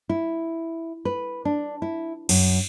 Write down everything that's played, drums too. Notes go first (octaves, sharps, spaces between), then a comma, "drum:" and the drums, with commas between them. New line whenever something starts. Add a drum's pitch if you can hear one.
E4
B4
D4
E4
F#2, drum: cymbal